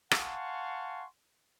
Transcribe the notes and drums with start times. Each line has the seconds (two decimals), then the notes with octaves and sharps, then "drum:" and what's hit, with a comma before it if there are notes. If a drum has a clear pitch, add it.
0.11 F5 F#5 G#5 A5 C6 C#6, drum: rim click